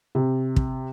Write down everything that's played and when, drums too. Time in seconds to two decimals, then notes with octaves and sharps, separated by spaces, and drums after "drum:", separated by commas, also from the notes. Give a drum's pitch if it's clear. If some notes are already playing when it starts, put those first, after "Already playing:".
0.15 C3
0.56 drum: kick